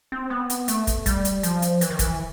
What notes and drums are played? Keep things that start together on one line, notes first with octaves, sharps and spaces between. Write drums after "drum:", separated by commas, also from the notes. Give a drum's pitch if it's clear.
C4
B3
drum: hi-hat
A3, drum: hi-hat
drum: kick, hi-hat
G3, drum: kick, hi-hat
drum: hi-hat
F3, drum: hi-hat
drum: hi-hat
E3, drum: hi-hat
D#3
E3, drum: kick, hi-hat